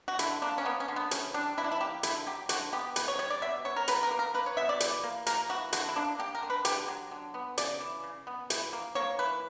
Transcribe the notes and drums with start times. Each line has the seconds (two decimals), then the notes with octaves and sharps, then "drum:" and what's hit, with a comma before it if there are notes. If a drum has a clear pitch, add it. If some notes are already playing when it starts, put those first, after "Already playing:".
0.08 F#4
0.19 D3 E4, drum: hi-hat
0.42 A#3 D4
0.58 C#4
0.65 A#3 B3
0.80 C#4
0.88 D3
0.96 B3
1.11 E3 C#4, drum: hi-hat
1.34 G3 D4
1.57 E3 E4
1.64 D4
1.72 E4
1.80 A#3 G4
2.03 D3 E4, drum: hi-hat
2.27 F#3 G4
2.49 D3 F#4, drum: hi-hat
2.73 B3 G4
2.96 B2 B4, drum: hi-hat
3.08 C#5
3.19 G3 C#5
3.30 D5
3.42 B2 E5
3.65 B3 C#5
3.76 A#4
3.88 B2 B4, drum: hi-hat
4.03 A#4
4.11 A#3
4.19 A#4
4.34 A#3 B4
4.46 C#5
4.57 B2 E5
4.69 D5
4.80 E3, drum: hi-hat
5.04 A#3
5.26 A#3 A#4, drum: hi-hat
5.49 E3 F#4
5.73 D3 F#4, drum: hi-hat
5.89 E4
5.96 A#3 D4
6.19 A#3 G4
6.35 A#4
6.42 D3
6.50 B4
6.65 D3 G4, drum: hi-hat
6.88 F#3
7.11 D3
7.34 B3
7.58 C#3 D5, drum: hi-hat
7.80 E3
8.04 C#3
8.27 B3
8.50 E3, drum: hi-hat
8.73 A#3
8.95 A#3 C#5
9.19 E3 B4